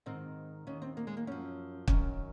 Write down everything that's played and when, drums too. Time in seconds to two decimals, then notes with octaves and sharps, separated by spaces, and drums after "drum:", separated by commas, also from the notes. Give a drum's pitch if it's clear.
0.06 G#2 D#3 C4
0.67 D#2 D#3 C#4
0.82 C4
0.97 A#3
1.07 G#3
1.17 A#3
1.27 F#2 F3 C#4
1.88 F#2 D#3 C#4, drum: kick